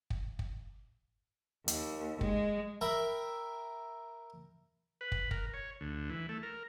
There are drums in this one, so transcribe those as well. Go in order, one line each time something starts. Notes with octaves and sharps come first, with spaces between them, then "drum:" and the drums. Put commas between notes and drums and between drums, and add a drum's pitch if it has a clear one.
drum: kick
drum: kick
D#2, drum: hi-hat
G#3, drum: kick
A#4 E5 G5 B5
B4
drum: kick
A#4, drum: kick
C#5
D2
E3
A3
A#4